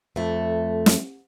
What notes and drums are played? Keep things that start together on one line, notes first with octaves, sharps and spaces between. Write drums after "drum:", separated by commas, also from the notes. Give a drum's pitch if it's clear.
F2 A3
drum: snare